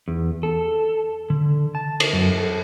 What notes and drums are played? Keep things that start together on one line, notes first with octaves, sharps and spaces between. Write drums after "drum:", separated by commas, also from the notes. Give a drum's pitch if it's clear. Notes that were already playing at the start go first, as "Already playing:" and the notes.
E2
A4
D3
A5
drum: cymbal
F#2
A4